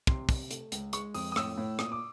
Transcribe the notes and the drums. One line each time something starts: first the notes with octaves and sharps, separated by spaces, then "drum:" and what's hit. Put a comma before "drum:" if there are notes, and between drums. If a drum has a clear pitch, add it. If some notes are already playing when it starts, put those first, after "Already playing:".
C3 C6, drum: kick
C3, drum: kick, open hi-hat
A3, drum: hi-hat
C#2, drum: hi-hat
G#3 C#6, drum: hi-hat
F2 D#6, drum: open hi-hat
D#6
A2 E6, drum: rim click
A2
A#2 D#6, drum: rim click
D6